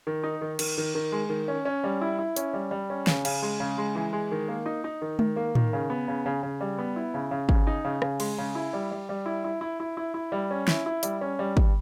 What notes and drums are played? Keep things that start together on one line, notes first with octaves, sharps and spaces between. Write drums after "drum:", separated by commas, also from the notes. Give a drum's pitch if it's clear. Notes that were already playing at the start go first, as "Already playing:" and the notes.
D#3
D#4
D#3
D#3, drum: cymbal
D#3
D#3
G#3
D#3
C#4
C#4
G3
E4
E4
C#4, drum: hi-hat
G3
G3
C#4
C#3, drum: snare
C#3, drum: cymbal
G#3
C#3
G#3
E3
G#3
D#3
A#3
D#4
D#4
D#3
D#3, drum: tom G#3
A#3
D#3, drum: tom A2
C#3
B3
C#3
C#3
C#3
G3
B3
E4
C#3
C#3
C#3, drum: kick
D#4
C#3
C#3, drum: rim click
G#3, drum: cymbal
C#3
E4
G3
G3
G3
E4
E4
E4
E4
E4
E4
G3
C#4
E4, drum: snare
E4
G3, drum: hi-hat
C#4
G3
G3, drum: kick